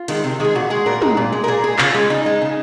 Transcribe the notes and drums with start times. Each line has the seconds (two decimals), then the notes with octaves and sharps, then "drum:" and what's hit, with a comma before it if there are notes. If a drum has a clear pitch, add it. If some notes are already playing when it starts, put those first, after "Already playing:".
Already playing: F4
0.08 D#3 G#3, drum: hi-hat
0.24 C3
0.40 D#3 G#3 G#4
0.55 A#2 F#4
0.70 G#3 G#4
0.86 A#2 A#4
1.02 G#3, drum: tom
1.17 A#2
1.32 G#3
1.44 A#4
1.48 A#2 G#4
1.64 G#3 G#4
1.79 C#3 F4, drum: clap
1.94 G#3
2.10 C#3 D#4
2.26 G#3
2.42 C#3